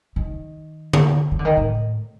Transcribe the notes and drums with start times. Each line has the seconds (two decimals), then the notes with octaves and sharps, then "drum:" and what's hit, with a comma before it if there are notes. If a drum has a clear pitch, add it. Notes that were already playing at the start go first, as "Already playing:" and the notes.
0.16 D#3
0.93 drum: tom D3
1.32 E3
1.39 D3
1.45 D#3
1.57 A2